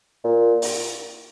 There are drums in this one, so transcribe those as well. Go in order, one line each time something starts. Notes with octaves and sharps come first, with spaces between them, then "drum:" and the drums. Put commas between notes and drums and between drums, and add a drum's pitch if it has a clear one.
A#2
drum: open hi-hat